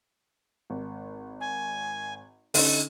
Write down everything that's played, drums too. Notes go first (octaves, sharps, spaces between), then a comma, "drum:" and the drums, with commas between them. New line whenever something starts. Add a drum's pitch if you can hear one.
G#1
G#5
D3 C#4 D#4 A4, drum: open hi-hat